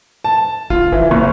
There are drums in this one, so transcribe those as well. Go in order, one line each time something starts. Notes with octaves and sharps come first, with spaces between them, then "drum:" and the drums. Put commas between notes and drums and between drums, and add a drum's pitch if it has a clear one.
A5
F4, drum: kick
E3, drum: kick
F#1, drum: tom